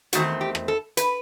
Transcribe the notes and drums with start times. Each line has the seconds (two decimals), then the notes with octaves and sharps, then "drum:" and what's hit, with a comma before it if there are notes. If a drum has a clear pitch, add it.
0.13 E2 D#3 A3 C4 F#4, drum: hi-hat
0.41 G4
0.55 drum: rim click
0.68 A4
0.97 B4, drum: hi-hat